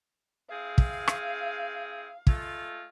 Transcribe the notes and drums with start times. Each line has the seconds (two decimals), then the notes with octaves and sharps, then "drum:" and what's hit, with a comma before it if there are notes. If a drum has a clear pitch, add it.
0.50 C4 E4 G#4 F5
0.78 drum: kick
1.08 drum: rim click
2.27 G#3 A3 F4, drum: kick